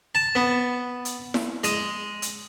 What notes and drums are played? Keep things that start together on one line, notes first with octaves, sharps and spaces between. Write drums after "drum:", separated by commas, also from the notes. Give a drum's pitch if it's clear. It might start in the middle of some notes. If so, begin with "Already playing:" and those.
A5
B3
drum: hi-hat
drum: snare E4
G#3, drum: hi-hat
drum: hi-hat